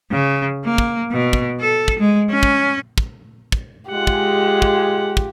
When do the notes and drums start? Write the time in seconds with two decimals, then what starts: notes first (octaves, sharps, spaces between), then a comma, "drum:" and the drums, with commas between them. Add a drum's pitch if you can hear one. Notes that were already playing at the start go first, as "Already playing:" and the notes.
0.11 C#3
0.65 A#3
0.78 drum: kick
1.11 B2
1.33 drum: kick
1.61 A4
1.88 drum: kick
1.99 G#3
2.30 C#4
2.43 drum: kick
2.98 drum: kick
3.52 drum: kick
3.91 G#3 F4 G4 F#5
4.07 drum: kick
4.62 drum: kick
5.17 drum: kick